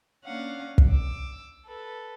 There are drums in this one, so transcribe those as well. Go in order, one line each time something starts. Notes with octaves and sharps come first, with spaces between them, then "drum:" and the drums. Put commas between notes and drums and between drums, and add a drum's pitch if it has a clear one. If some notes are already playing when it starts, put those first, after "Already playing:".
A#3 C#4 D4 F5 F#5
drum: kick
D6 E6
A4 B4